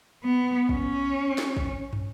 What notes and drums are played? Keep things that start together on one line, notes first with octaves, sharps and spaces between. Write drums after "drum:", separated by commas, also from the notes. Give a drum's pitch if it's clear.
B3
C#4, drum: kick
drum: snare
drum: kick
drum: tom